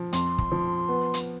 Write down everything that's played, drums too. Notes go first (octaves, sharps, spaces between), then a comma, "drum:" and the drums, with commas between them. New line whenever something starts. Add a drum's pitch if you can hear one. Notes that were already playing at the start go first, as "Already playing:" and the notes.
Already playing: F3
F2 C6, drum: hi-hat
drum: kick
F3
B3
drum: hi-hat